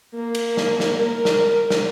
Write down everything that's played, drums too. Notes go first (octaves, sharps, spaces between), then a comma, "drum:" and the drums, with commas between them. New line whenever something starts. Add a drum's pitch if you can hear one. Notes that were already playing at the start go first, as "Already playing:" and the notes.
A#3
drum: cymbal
drum: snare
drum: snare
A#4
drum: snare
drum: snare